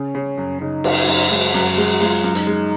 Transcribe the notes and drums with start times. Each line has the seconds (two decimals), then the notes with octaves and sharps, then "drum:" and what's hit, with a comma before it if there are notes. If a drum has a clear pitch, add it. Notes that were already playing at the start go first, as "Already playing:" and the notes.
Already playing: C#3 C#4
0.15 C#3
0.38 F#2
0.61 C#3 D#4
0.84 F#2, drum: cymbal
1.08 F#2
1.30 G#3 F#4
1.54 F#2
1.77 G#3
2.00 G#3 F4
2.24 F#2
2.35 D#4, drum: hi-hat
2.46 G#3